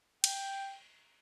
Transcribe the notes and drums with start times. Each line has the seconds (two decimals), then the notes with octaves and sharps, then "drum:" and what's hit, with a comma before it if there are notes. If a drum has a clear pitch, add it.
0.24 G5, drum: cymbal